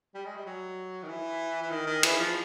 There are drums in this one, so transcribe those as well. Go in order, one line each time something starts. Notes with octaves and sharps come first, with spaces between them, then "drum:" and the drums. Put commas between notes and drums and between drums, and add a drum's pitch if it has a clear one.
G3
G#3
G3
F#3
D#3
E3
E3
D#3
D#3
E3, drum: cymbal
F3